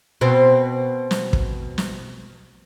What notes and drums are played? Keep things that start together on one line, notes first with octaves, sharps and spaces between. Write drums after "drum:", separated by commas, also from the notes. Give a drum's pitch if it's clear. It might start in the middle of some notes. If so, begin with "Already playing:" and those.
B2 C4
drum: snare
drum: kick
drum: snare